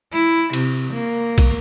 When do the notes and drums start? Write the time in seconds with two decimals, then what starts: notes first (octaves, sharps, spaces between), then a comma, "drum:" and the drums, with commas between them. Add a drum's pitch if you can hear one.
0.13 E4
0.53 C3, drum: cymbal
0.92 A#3
1.38 drum: kick, cymbal